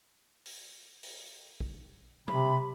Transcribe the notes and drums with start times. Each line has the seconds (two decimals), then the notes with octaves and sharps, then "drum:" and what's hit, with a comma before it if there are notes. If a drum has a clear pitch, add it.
0.46 drum: open hi-hat
1.03 drum: open hi-hat
1.60 drum: kick
2.28 C3 B5, drum: tom B2